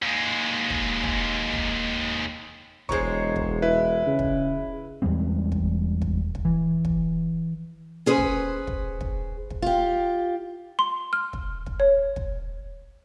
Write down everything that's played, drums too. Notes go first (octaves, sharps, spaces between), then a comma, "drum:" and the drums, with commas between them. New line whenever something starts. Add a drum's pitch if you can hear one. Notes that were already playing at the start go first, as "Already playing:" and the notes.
D#2 G#3
drum: kick
drum: kick
drum: kick
E1 F#3 G#3 C5 C#5 A#5 C#6 G#6, drum: kick
drum: kick
E4 B4 E5
C#3
drum: kick
E2 G3 G#3 C4
drum: kick
drum: kick
drum: kick
E3
drum: kick
C#4 G#4 B4 C5
drum: kick
drum: kick
drum: kick
drum: kick
F4 G4
C6
F6
drum: kick
drum: kick
C#5
drum: kick